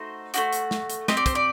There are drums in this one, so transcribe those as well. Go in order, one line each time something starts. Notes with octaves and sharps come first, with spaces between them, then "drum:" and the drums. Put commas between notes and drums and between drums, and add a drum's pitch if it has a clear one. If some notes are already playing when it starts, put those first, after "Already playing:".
Already playing: A3 D#4 F#4 C5
A3 D#4 F#4, drum: hi-hat
drum: hi-hat
drum: snare
drum: hi-hat
C4 G4 D#5, drum: snare
D5
C5, drum: kick, hi-hat
D5